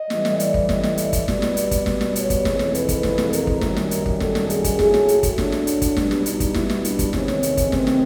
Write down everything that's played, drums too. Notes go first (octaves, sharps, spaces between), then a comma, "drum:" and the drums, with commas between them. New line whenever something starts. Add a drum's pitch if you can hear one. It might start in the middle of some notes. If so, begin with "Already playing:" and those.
Already playing: D#5
A2 E3 G3, drum: snare
drum: snare
D5, drum: hi-hat
drum: kick
D#5, drum: snare
drum: snare
D5, drum: hi-hat
drum: kick, hi-hat
B2 G3, drum: snare
drum: snare
drum: hi-hat
drum: kick, hi-hat
drum: snare
drum: snare
C#5, drum: hi-hat
drum: kick, hi-hat
F2 C3 E3 G#3, drum: snare
drum: snare
B4, drum: hi-hat
drum: kick, hi-hat
drum: snare
drum: snare
A#4, drum: hi-hat
drum: kick
F#2 D#3 G3, drum: snare
drum: snare
drum: hi-hat
drum: kick
A4, drum: snare
drum: snare
G#4, drum: hi-hat
drum: kick, hi-hat
A2 F#3 G#4, drum: snare
drum: snare
G4, drum: hi-hat
drum: kick, hi-hat
D4, drum: snare
drum: snare
drum: hi-hat
drum: kick, hi-hat
B2 G3, drum: snare
drum: snare
D#4, drum: hi-hat
drum: kick, hi-hat
E4, drum: snare
drum: snare
D4, drum: hi-hat
drum: kick, hi-hat
E2 C3 D#3 C#4, drum: snare
drum: snare
drum: hi-hat
drum: kick, hi-hat
C4, drum: snare
drum: snare